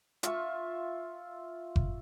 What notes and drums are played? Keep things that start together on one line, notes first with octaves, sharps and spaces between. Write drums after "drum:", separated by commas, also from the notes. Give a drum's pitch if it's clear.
F4 E5 C#6, drum: hi-hat
drum: kick F#1